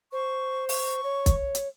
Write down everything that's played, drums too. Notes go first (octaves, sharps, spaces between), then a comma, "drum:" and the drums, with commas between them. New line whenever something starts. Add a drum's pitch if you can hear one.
C5 C#6
C#6, drum: open hi-hat
C#5
drum: kick, hi-hat
drum: hi-hat